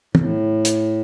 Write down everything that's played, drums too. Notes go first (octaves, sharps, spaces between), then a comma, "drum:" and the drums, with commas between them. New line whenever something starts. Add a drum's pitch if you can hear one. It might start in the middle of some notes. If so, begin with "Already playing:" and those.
A2, drum: tom
drum: hi-hat